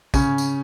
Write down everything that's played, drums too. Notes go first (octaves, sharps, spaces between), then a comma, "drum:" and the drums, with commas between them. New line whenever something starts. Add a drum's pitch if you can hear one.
C#3 C#4, drum: kick, tambourine
drum: tambourine